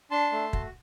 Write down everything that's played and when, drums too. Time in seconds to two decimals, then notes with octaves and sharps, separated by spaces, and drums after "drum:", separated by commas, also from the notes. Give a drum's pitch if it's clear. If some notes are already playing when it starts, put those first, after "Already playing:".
0.11 D4 A5 C6
0.32 A3
0.53 F#4, drum: kick